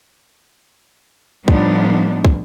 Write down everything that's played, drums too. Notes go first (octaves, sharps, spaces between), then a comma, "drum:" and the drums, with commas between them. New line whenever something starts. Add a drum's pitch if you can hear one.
A2 F3 G3 B3 D4 D#4, drum: kick
drum: kick